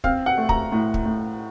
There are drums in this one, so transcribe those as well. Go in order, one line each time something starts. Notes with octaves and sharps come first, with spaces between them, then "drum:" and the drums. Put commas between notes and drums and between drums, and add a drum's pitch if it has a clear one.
C4 F5, drum: kick
F#5
A3
A#5, drum: kick
A2
drum: kick
A2